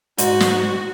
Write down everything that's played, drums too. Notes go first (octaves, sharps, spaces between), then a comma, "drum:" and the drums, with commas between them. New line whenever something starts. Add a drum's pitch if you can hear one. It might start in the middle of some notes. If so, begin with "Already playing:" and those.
G#2 F#4, drum: hi-hat
drum: snare